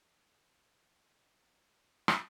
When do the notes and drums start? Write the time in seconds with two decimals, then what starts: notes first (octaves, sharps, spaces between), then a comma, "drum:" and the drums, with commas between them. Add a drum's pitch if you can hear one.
0.15 D#3 E3
2.08 drum: rim click